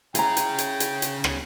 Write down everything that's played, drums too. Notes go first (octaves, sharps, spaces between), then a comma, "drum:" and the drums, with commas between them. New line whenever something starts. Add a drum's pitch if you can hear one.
C#4 E4 G#4 G5 A#5, drum: hi-hat
drum: hi-hat
drum: hi-hat
drum: hi-hat
drum: hi-hat
drum: rim click